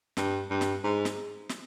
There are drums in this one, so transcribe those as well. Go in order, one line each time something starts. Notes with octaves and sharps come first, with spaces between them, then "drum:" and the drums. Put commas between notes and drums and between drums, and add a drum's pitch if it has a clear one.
G2, drum: snare
G2
drum: snare
G#2
drum: snare
drum: snare